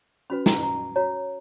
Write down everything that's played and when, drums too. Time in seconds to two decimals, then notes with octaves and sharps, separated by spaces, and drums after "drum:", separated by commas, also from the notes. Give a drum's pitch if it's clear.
0.30 C#4 F#4 B4 B5
0.46 A#5, drum: snare
0.63 A#5
0.96 F#4 C#5 A#5